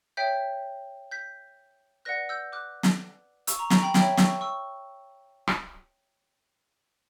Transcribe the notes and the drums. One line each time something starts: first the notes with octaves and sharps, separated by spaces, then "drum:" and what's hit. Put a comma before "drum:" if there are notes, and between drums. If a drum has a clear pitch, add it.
C#5 E5 G5 G6 B6
G6 B6
B4 D5 F#5 F#6 A#6
E6 G6
D6 F#6
drum: snare
C#6 E6, drum: hi-hat
A#5 C#6
A#5 C#6, drum: snare
G5 B5
C#5 E5 G5 B5, drum: snare
C#6 E6, drum: snare
C#6 E6
drum: rim click